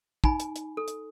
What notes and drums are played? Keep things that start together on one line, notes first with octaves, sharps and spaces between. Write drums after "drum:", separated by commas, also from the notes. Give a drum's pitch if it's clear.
D#4 G#5 B5, drum: kick
drum: hi-hat
drum: hi-hat
A4
drum: hi-hat